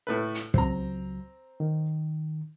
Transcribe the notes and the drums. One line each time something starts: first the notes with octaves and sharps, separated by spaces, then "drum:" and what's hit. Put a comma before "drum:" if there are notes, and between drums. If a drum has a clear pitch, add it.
A2 A3 B4
drum: hi-hat
C#2 F#3 C4 A#5, drum: kick
D#3